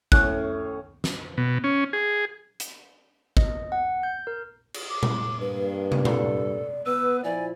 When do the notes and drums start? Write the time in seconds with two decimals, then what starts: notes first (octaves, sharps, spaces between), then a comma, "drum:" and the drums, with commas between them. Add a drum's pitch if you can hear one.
0.12 A2 C#4 F#6, drum: kick G#1
1.04 drum: snare
1.38 B2
1.64 C#4
1.93 G#4
2.60 drum: hi-hat
3.37 D#5, drum: kick G#1
3.72 F#5
4.03 G6
4.27 A#4
4.74 drum: cymbal
4.90 D6
5.03 drum: tom A#2
5.40 G2 A#3 B4
5.92 drum: tom
6.05 A4 D5, drum: tom A#2
6.86 B3 B4 E6
7.24 F3 E4 D5 G#5